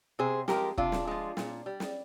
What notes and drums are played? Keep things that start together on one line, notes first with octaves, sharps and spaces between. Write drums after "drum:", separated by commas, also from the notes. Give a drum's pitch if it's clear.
C3 G#4 C5
F3 G#3 G4 A#4, drum: snare
C3 D4 F4, drum: kick
drum: snare
F3 G#3
A#2, drum: snare
G3
drum: snare